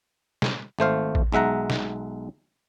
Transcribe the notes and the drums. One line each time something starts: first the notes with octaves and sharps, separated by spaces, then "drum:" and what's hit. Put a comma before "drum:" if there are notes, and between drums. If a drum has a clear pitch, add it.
drum: snare
G#1 A3 C5 F5
drum: kick A1
B1 G#3 E5 F#5 A#5
drum: snare